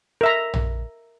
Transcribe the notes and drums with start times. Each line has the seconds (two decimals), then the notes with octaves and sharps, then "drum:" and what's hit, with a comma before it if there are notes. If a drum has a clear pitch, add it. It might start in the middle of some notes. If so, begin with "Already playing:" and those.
0.21 A#4 E5 A#5
0.54 drum: tom A#1